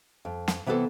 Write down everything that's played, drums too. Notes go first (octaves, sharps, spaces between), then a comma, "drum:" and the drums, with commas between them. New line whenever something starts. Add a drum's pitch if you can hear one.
F2
drum: snare
C3 E3 B3 G#4 A4 C5